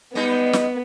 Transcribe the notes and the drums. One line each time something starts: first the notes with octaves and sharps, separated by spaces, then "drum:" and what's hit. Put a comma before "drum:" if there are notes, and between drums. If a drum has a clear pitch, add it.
G3 G#3 B3 D#4
drum: snare